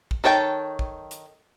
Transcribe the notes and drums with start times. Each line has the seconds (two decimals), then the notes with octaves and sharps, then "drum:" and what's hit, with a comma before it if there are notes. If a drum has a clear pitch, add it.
0.11 drum: kick A#1
0.24 D#3 A4 C#5 G5 A5
0.79 drum: kick A#1
1.11 drum: hi-hat